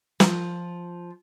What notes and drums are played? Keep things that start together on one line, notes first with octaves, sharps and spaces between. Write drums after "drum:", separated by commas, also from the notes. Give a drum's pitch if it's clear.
F3, drum: snare